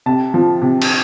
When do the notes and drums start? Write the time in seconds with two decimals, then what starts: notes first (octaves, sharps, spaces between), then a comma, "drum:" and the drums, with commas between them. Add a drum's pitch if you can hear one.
0.06 C3 A5
0.34 F3
0.62 C3
0.82 drum: cymbal